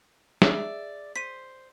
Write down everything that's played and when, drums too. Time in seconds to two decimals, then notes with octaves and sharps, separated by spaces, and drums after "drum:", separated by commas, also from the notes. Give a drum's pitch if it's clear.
0.42 G#4 D5 E5, drum: snare
1.16 C5 B6 D#7